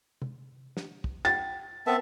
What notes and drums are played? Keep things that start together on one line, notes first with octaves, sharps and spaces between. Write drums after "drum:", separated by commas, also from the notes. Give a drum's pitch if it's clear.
drum: tom C3
drum: snare
drum: kick
G5 A6
B3 C4 A#4 B4 E5 G5 A5